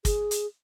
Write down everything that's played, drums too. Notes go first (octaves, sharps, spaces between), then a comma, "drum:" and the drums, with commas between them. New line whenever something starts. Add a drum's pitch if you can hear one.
G#4, drum: kick, hi-hat
drum: hi-hat